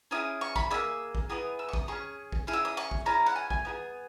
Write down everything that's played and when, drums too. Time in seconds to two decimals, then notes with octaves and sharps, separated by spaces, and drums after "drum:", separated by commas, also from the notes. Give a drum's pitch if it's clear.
0.11 C#4 E4 G#4 D#6
0.41 C#6
0.56 B5, drum: kick
0.71 A#3 D#4 G#4 E6
1.15 drum: kick
1.30 B3 E4 G#4 D#6
1.59 E6
1.69 C#6
1.73 D#6, drum: kick
1.88 C#4 G#4 C#6
2.32 drum: kick
2.47 C#4 E4 G#4
2.53 E6
2.65 D#6
2.77 C#6
2.91 drum: kick
3.06 C#4 E4 G#4 A#5
3.26 F#5
3.36 G#5
3.50 G#5, drum: kick
3.65 B3 E4 G#4